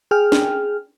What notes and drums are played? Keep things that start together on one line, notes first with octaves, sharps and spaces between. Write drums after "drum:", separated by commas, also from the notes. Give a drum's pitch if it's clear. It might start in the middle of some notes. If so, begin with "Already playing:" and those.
G#4 G5 F6
drum: snare